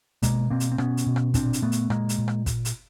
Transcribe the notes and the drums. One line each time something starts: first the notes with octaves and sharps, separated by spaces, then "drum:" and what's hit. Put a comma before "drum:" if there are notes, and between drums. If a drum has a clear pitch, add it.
B2 G#3 A#3, drum: kick, hi-hat
B2 A#3 C4
drum: hi-hat
C4
B2 B3 C#4, drum: rim click
drum: hi-hat
B2
drum: rim click
A#2 C4 D4, drum: kick, hi-hat
drum: hi-hat
A#2 A3 B3
drum: hi-hat
A#2 G#3 A#3, drum: rim click
drum: hi-hat
A#2
drum: rim click
drum: kick, hi-hat
drum: hi-hat